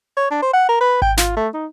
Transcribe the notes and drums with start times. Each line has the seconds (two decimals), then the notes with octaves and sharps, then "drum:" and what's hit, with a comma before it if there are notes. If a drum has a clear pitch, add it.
0.17 C#5
0.31 D4
0.42 C5
0.54 F#5
0.69 A#4
0.81 B4
1.02 G5, drum: kick G#1
1.17 F4, drum: snare
1.37 A3
1.54 D#4